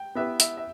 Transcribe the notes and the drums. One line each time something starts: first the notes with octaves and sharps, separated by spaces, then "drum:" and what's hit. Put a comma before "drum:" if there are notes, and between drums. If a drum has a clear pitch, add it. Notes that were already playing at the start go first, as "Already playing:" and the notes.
Already playing: G5
B3 E4 G4 B4 E5
E5, drum: hi-hat
E5